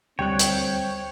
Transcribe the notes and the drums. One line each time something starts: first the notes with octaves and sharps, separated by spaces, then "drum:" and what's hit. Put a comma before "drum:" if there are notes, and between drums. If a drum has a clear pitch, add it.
D2 G3 C4 C#5 G5 F#6
drum: hi-hat